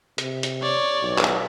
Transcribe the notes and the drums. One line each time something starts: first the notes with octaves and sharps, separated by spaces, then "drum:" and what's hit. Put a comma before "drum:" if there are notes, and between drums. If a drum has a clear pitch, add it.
C3, drum: hi-hat
drum: hi-hat
C#5 D5
B1
drum: clap